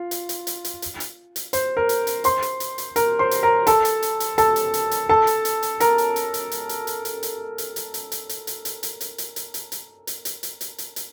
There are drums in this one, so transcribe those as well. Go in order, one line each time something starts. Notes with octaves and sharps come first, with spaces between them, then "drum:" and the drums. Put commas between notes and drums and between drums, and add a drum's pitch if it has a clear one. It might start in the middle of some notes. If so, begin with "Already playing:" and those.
Already playing: F4
drum: hi-hat
drum: hi-hat
drum: hi-hat
drum: hi-hat
drum: hi-hat
drum: hi-hat
drum: hi-hat
C5, drum: hi-hat
A#4
drum: hi-hat
drum: hi-hat
C5 C6, drum: hi-hat
drum: hi-hat
drum: hi-hat
drum: hi-hat
A#4 A#5, drum: hi-hat
C5 C6
drum: hi-hat
A#4 A#5
A4 A5, drum: hi-hat
drum: hi-hat
drum: hi-hat
drum: hi-hat
A4 A5, drum: hi-hat
drum: hi-hat
drum: hi-hat
drum: hi-hat
A4 A5
drum: hi-hat
drum: hi-hat
drum: hi-hat
A#4 A#5, drum: hi-hat
drum: hi-hat
drum: hi-hat
drum: hi-hat
drum: hi-hat
drum: hi-hat
drum: hi-hat
drum: hi-hat
drum: hi-hat
drum: hi-hat
drum: hi-hat
drum: hi-hat
drum: hi-hat
drum: hi-hat
drum: hi-hat
drum: hi-hat
drum: hi-hat
drum: hi-hat
drum: hi-hat
drum: hi-hat
drum: hi-hat
drum: hi-hat
drum: hi-hat
drum: hi-hat
drum: hi-hat
drum: hi-hat
drum: hi-hat
drum: hi-hat